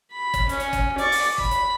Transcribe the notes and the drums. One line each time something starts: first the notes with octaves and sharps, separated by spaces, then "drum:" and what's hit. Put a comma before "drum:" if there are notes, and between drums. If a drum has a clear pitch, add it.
B5
drum: kick, hi-hat
C#4, drum: hi-hat
drum: hi-hat
drum: kick, hi-hat
D5 C#6, drum: hi-hat
drum: open hi-hat
B5, drum: kick
drum: hi-hat